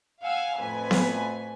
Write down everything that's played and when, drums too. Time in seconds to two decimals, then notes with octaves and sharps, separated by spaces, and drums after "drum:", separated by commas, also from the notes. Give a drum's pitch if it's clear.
0.22 F5 F#5 G#5 E6
0.58 F2 A2 B4 G#5
0.91 drum: snare B3